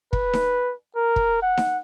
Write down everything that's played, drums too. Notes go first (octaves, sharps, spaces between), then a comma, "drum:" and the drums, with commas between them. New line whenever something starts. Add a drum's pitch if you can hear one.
B4, drum: kick
drum: snare D#4
A#4
drum: kick
F#5
drum: snare D#4